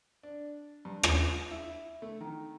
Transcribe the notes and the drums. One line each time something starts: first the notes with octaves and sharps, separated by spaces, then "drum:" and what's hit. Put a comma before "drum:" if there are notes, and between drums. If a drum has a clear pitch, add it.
D4
G2
F4, drum: rim click
E4
A3
D#3